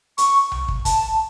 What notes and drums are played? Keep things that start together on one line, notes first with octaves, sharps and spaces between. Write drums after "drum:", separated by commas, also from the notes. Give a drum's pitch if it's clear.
C#6, drum: hi-hat
drum: tom B1
drum: kick
A5, drum: kick, hi-hat